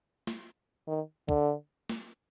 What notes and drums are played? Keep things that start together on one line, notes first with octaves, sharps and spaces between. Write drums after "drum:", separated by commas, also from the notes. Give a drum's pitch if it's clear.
drum: snare
D#3
D3, drum: kick
drum: snare